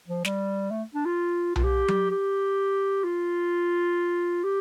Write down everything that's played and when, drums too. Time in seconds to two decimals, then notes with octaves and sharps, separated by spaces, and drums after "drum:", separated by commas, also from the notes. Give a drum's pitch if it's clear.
0.08 F3
0.25 G3, drum: snare
0.71 A3
0.94 D4
1.06 F4
1.56 F4, drum: tom B1
1.64 G4
1.88 drum: tom F#3
2.10 G4
3.04 F4
4.44 G4